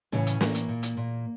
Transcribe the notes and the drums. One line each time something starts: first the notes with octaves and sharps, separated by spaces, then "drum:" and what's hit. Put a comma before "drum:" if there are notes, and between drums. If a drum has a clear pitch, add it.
A2 C#3 E3 C#4
drum: hi-hat
A2 E3 A#3, drum: snare
drum: hi-hat
A#2
drum: hi-hat
A#2